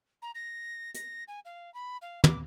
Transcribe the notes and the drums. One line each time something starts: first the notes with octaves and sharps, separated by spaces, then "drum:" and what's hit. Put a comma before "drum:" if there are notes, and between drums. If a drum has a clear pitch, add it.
A#5
A#6
A#6, drum: hi-hat
G#5
F5
B5
F5
D6, drum: tom